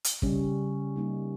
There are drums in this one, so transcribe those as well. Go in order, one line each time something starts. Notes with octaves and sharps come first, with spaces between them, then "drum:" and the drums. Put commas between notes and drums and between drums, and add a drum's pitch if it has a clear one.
drum: hi-hat
C#3 G3 C#4, drum: kick
G3 A#3 D#4